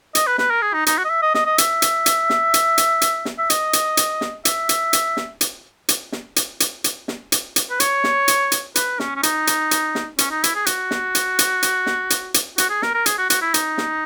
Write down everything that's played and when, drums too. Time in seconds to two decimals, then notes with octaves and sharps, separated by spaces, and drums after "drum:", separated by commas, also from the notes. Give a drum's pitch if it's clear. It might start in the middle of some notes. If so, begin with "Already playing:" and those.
0.15 D#5, drum: hi-hat
0.27 B4
0.38 B4, drum: snare
0.50 A#4
0.62 G#4
0.74 D#4
0.86 D#4, drum: hi-hat
0.98 F#4
1.05 D#5
1.10 E5
1.22 D#5
1.34 D#5, drum: snare
1.46 D#5
1.58 E5, drum: hi-hat
1.82 drum: hi-hat
2.06 drum: hi-hat
2.30 drum: snare
2.54 drum: hi-hat
2.78 drum: hi-hat
3.02 drum: hi-hat
3.25 drum: snare
3.38 E5
3.50 D#5, drum: hi-hat
3.73 drum: hi-hat
3.97 drum: hi-hat
4.21 drum: snare
4.45 E5, drum: hi-hat
4.69 drum: hi-hat
4.93 drum: hi-hat
5.17 drum: snare
5.41 drum: hi-hat
5.89 drum: hi-hat
6.12 drum: snare
6.36 drum: hi-hat
6.60 drum: hi-hat
6.84 drum: hi-hat
7.08 drum: snare
7.32 drum: hi-hat
7.56 drum: hi-hat
7.70 B4
7.80 C#5, drum: hi-hat
8.04 drum: snare
8.28 drum: hi-hat
8.52 drum: hi-hat
8.75 B4, drum: hi-hat
9.00 C#4, drum: snare
9.16 C#4
9.23 D#4, drum: hi-hat
9.47 drum: hi-hat
9.71 drum: hi-hat
9.95 drum: snare
10.18 C#4, drum: hi-hat
10.31 D#4
10.44 E4, drum: hi-hat
10.55 G#4
10.66 F#4, drum: hi-hat
10.91 drum: snare
11.15 drum: hi-hat
11.39 drum: hi-hat
11.63 drum: hi-hat
11.86 drum: snare
12.10 drum: hi-hat
12.34 drum: hi-hat
12.58 F#4, drum: hi-hat
12.70 G#4
12.82 A#4, drum: snare
12.94 A#4
13.06 G#4, drum: hi-hat
13.18 F#4
13.30 F#4, drum: hi-hat
13.42 E4
13.54 D#4, drum: hi-hat
13.78 drum: snare